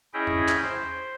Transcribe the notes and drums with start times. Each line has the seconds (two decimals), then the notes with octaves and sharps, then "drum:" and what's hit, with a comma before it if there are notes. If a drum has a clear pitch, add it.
0.14 C#4 E4 G#4 D#5 E5 G5
0.27 drum: tom E2
0.49 drum: clap
0.63 C5